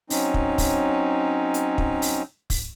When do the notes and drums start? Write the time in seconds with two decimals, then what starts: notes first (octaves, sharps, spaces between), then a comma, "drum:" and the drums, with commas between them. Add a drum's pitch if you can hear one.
0.10 F#3 C4 C#4 D#4, drum: open hi-hat
0.34 drum: kick
0.58 drum: kick, open hi-hat
1.54 drum: hi-hat
1.78 drum: kick
2.02 drum: open hi-hat
2.50 drum: kick, open hi-hat